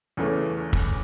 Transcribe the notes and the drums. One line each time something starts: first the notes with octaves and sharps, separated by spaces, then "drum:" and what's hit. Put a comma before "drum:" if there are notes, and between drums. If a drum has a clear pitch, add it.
E2 C#3 E3 A3 C#4
drum: kick